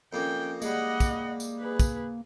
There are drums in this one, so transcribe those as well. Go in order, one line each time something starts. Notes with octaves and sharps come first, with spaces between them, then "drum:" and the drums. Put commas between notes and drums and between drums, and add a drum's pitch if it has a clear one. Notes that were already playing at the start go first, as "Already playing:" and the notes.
F2 A#3 C#4 G5
G3 G#3 A#3 D#5 F#5, drum: tambourine
drum: kick, tambourine
drum: tambourine
G#4 B4
drum: kick, tambourine